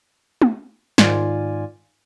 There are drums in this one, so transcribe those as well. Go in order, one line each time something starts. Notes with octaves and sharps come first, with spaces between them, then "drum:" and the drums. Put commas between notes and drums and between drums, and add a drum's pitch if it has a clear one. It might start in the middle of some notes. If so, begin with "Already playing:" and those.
drum: tom
G#2 D#3 F4 D5 G#5, drum: snare